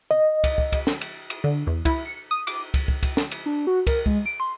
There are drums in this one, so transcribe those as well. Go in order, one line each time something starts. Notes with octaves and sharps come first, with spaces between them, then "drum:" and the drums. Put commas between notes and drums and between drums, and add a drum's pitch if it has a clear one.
D#5
drum: kick, cymbal
drum: kick
drum: kick, cymbal
drum: snare
drum: cymbal
drum: cymbal
D3
E2
E4, drum: kick, cymbal
C#7
D#6
D6, drum: cymbal
drum: kick, cymbal
drum: kick
drum: kick, cymbal
drum: snare
drum: cymbal
D4
F#4
A#4, drum: kick, cymbal
G#3, drum: kick
D7
C6